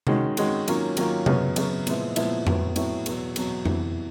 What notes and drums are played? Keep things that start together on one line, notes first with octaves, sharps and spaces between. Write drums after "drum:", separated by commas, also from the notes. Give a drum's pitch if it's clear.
D#3 G#3 C#4 F#4, drum: tom C3
D#3 G#3 C#4 F#4, drum: cymbal
D#3 F#3 A#3 C#4 F4, drum: cymbal
D#3 F#3 A#3 C#4 F4, drum: cymbal
F#2 C#3 F#3 B3, drum: tom C3
F#2 C#3 F#3 B3, drum: cymbal
A#2 F3 G#3 B3 E4, drum: cymbal
A#2 F3 G#3 B3 E4, drum: cymbal
A2 F#3 B3 E4, drum: tom F2
A2 F#3 B3 E4, drum: cymbal
E2 B2 F#3 B3, drum: cymbal
E2 B2 F#3 B3, drum: cymbal
E2 C3 E3, drum: tom F2